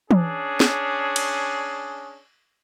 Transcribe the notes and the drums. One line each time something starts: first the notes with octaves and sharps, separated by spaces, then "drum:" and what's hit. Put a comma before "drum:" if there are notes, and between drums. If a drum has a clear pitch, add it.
C#4 D4 G#4, drum: tom E3
drum: snare
drum: cymbal